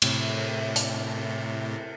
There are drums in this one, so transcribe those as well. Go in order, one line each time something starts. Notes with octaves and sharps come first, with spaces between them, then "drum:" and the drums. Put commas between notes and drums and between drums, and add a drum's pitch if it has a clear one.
A2 C3, drum: cymbal
drum: hi-hat